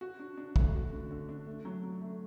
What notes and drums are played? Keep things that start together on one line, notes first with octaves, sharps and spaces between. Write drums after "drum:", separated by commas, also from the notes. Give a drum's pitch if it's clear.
F#4
D4
D4
A3, drum: kick
F#4
D3
D3
D4
A3
F#3
F#3
A3